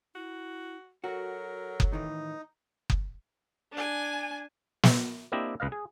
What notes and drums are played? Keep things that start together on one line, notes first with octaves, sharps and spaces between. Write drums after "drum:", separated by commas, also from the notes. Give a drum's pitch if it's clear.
E4 F#4
F#3 F#4 A4 A#4
drum: kick F#1
A2 D#3 E3 D#4
drum: kick F#1
D4 G#5
drum: snare
A#3 C4 D4 E4 G4 D#5
C#2 B4 D#5 F5
G#4